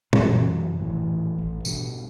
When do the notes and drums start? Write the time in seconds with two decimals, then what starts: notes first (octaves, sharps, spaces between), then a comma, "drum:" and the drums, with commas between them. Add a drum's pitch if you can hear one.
0.13 F#2 C3 E3 F#3, drum: tom
0.79 D#1 A2 E3
1.38 A1
1.65 G2 B2, drum: tambourine